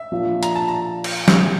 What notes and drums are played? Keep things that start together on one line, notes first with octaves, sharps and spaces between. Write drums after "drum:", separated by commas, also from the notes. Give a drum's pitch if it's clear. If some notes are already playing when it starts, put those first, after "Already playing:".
Already playing: E5
A#2 F3 A#3 D4 F4
A#5, drum: hi-hat
A5
A#5
drum: cymbal
drum: snare